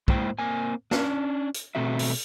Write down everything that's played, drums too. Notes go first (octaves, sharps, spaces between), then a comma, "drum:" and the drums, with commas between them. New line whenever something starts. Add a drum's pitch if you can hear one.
G#3 A#3 E4 C5 G5, drum: kick
A#3 C4 G#5
C#4 D4, drum: snare
drum: hi-hat
B2 A3 C4 F#4 E5
drum: open hi-hat